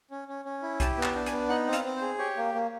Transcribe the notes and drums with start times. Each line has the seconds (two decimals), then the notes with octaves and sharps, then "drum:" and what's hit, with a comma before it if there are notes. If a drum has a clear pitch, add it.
0.11 C#4
0.28 C#4
0.45 C#4
0.62 E4
0.80 G4 A5, drum: kick B1, hi-hat
0.98 B3
1.03 A5, drum: clap
1.15 D4
1.26 G#5, drum: hi-hat
1.32 B3
1.49 D#4 F#5
1.67 C4
1.73 F5, drum: hi-hat
1.84 C4
1.96 C5
2.01 G#4
2.19 G4 C#5
2.37 A#3
2.54 A#3